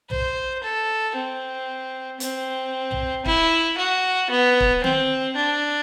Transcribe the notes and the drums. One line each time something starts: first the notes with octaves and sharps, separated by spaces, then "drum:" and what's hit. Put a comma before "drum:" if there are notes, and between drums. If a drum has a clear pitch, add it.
C5, drum: tom
A4
C4
C4, drum: hi-hat
drum: tom
E4, drum: kick
F#4
B3
drum: kick
C4, drum: tom D#3
D4